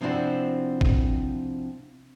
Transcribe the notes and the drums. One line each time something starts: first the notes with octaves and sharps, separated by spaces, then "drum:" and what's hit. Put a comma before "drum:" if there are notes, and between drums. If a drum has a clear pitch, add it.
C3 F3 C4 D4 E4 F#4
drum: kick